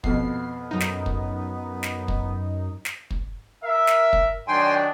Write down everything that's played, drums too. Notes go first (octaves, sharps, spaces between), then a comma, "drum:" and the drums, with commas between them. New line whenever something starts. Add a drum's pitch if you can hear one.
F2 B2 B3 C7, drum: kick
F#2 D#4
drum: snare
drum: kick
drum: snare
drum: kick
drum: snare
drum: kick
A#4 E5
drum: snare
drum: kick
D#3 F#3 D4 G5 G#5 C6